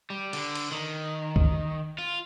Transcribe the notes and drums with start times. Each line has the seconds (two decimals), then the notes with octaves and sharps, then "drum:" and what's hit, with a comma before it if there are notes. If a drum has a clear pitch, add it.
0.10 G3
0.33 D3, drum: cymbal
0.55 drum: cymbal
0.72 D#3
1.36 drum: kick
1.98 F4